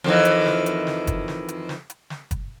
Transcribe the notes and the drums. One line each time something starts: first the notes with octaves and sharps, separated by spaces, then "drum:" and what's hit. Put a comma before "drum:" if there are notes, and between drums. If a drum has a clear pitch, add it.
F2 D#3 E3, drum: snare
drum: hi-hat
drum: snare
drum: hi-hat
drum: snare
drum: kick, hi-hat
drum: snare
drum: hi-hat
drum: snare
drum: hi-hat
drum: snare
drum: kick, hi-hat